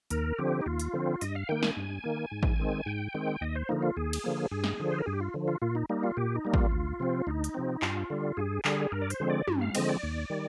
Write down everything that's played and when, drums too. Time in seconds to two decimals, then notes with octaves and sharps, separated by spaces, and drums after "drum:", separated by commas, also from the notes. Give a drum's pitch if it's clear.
0.10 D#2 A#4, drum: hi-hat
0.39 D3 F3 C4 G4
0.61 D#4
0.66 D#2 F4
0.80 drum: hi-hat
0.94 D3 F3 C4
1.21 G2 D#5, drum: hi-hat
1.35 F5
1.49 D#3 A#3 G5
1.63 G#5, drum: snare
1.77 G2
2.04 D#3 A#3
2.31 G#2
2.43 drum: kick A1
2.59 D#3 G#3 C4
2.86 G#2 G5
3.14 D#3 G#3 C4
3.41 D#2 D#5
3.55 C5
3.69 D3 F3 A#3 D#4
3.82 F4
3.97 D#2 G#4
4.13 drum: cymbal
4.24 D3 F3 A#3
4.51 G2 G#4
4.64 drum: snare
4.80 D3 F3
4.91 C5
4.98 A#4
5.06 G2 G#4
5.13 G4
5.21 F4
5.34 D3 F3
5.48 F4
5.62 A#2 F4
5.75 D#4
5.89 G3 A#3 D#4
6.03 F4
6.17 A#2 G4
6.36 D#4
6.45 G3 A#3
6.54 F4, drum: kick A1
6.72 D2
7.00 C3 F3 C4
7.27 D2 D#4
7.44 drum: hi-hat
7.54 C3 F3 C4
7.82 G2 F4, drum: clap
8.10 D3 G3
8.37 G2 G#4
8.65 D3 G3 G#4, drum: clap
8.92 G2 A#4
9.02 D5
9.10 C5, drum: hi-hat
9.20 D3 F3 G#3 C4
9.30 D5
9.48 G2, drum: tom
9.61 F5
9.75 D3 F3 G#3 C4 D#5, drum: cymbal
9.89 D5
10.03 D#2
10.30 D#3 G3